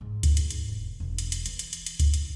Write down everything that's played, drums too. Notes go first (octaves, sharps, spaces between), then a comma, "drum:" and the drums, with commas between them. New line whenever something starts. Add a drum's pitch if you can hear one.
G#2
drum: kick, hi-hat
drum: hi-hat
drum: hi-hat
E1
E1
drum: hi-hat
drum: hi-hat
E3, drum: hi-hat
drum: hi-hat
drum: hi-hat
drum: hi-hat
E4, drum: kick, hi-hat
drum: hi-hat